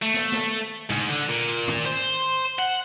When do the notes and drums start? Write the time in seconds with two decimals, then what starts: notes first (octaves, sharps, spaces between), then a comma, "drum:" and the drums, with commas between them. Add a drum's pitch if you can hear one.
0.02 A3
0.14 drum: snare
0.32 drum: snare
0.90 G#2, drum: tom
1.10 D3
1.30 A#2
1.68 drum: tom
1.86 C5
2.59 F#5